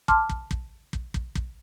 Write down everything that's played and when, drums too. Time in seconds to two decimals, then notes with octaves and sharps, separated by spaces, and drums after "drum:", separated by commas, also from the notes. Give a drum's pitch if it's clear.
0.08 A5 C6 D6 F6, drum: kick
0.29 drum: kick
0.51 drum: kick
0.93 drum: kick
1.14 drum: kick
1.35 drum: kick